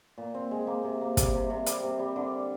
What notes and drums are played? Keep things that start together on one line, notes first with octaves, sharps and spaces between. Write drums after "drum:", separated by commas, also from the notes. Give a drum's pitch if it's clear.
A#2
C4
G#3
A#3
C3
A#3
G3, drum: kick, hi-hat
C3
C3
G3, drum: hi-hat
C3
G3
D3